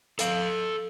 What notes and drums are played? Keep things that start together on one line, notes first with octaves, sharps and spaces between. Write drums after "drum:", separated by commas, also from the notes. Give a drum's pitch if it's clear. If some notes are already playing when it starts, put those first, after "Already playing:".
A4 F5, drum: hi-hat